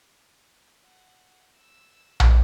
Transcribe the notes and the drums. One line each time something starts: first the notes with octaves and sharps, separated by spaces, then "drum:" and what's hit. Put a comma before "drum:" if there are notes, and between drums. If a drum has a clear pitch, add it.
F#5
E6
drum: tom A#1